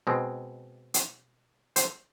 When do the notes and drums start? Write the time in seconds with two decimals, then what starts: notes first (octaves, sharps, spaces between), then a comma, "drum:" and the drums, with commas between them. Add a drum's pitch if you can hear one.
0.07 B2 G#3 C4
0.94 drum: hi-hat
1.76 C5, drum: hi-hat